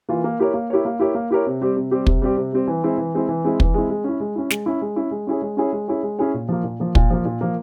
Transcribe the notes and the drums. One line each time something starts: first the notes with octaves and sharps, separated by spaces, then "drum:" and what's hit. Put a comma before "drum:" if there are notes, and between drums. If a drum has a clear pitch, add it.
E3 A#3 F4
A#3
E4 G4 A#4 C#5
A#3
E4 G4 A#4 C#5
A#3
E4 G4 A#4 C#5
A#3
E4 G4 A#4 C#5
C3
G3 C4 G4
C3
G3 C4 G4
C3, drum: kick
G3 C4 G4
C3
G3 C4 G4
E3
G#3 C4 E4
E3
G#3 C4 E4
E3
G#3 C4 E4
E3, drum: kick
G#3 C4 E4
G#3
C#4 E4
G#3
C#4 E4
G#3, drum: snare
C#4 E4
G#3
C#4 E4
G#3
C#4 E4 G#4 C#5
G#3
C#4 E4 G#4 C#5
G#3
C#4 E4 G#4 C#5
G#3
C#4 E4 G#4 C#5
A#2
F3 A#3
A#2
F3 A#3
A#2, drum: kick
F3 A#3
A#2
F3 A#3